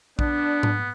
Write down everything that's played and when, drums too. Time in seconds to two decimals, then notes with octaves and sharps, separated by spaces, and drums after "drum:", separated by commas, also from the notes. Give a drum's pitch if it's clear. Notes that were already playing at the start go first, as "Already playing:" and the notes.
0.19 B3 D4, drum: kick A#1
0.63 drum: tom G#2